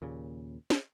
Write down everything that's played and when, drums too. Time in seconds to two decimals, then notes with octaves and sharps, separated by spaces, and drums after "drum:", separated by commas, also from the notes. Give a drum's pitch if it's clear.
0.02 D#2 A#2 C#3
0.70 drum: snare